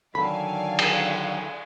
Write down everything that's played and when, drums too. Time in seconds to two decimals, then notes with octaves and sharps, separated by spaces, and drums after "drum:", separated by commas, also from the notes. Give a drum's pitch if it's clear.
0.15 D3 D#3 F#3 A4 D5 F5 G#5 B5
0.79 drum: cymbal